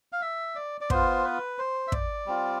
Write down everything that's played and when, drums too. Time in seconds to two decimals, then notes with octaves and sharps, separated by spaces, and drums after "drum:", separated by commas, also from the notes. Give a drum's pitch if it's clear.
0.12 F5
0.22 E5
0.56 D5
0.81 D5
0.90 B3 F4 C5, drum: kick
1.24 B4
1.59 C5
1.88 E5
1.92 D5, drum: kick
2.26 G3 C4 F4